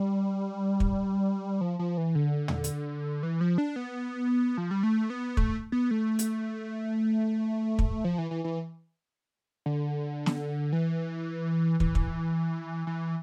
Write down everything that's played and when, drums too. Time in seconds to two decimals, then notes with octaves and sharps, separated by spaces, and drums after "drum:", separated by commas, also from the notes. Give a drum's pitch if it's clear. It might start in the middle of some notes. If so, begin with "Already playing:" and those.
Already playing: G3
0.80 drum: kick
1.61 F3
1.79 F3
1.97 E3
2.15 D3
2.48 drum: tom
2.64 drum: hi-hat
3.23 E3
3.41 F3
3.58 D4
3.76 B3
4.58 F3
4.71 G3
4.83 A3
5.10 B3
5.37 A3, drum: kick
5.72 B3
5.91 A3
6.19 drum: hi-hat
7.79 drum: kick
8.05 F3
8.18 E3
8.31 E3
8.44 E3
9.66 D3
10.26 drum: snare
10.73 E3
11.80 E3, drum: kick
11.95 drum: kick
12.87 E3